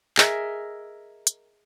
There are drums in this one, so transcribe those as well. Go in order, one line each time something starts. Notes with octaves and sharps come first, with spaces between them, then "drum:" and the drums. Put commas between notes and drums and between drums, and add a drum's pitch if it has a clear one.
G#4 A#4 D#5 E5, drum: clap
drum: hi-hat